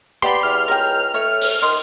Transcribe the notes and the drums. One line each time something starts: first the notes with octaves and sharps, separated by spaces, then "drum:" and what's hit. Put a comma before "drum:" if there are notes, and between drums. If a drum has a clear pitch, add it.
B3 G4 D5 B5 C6
E2 F6
C#2 A#4 G5
A3 C#5
drum: open hi-hat
D#3 C6 D#6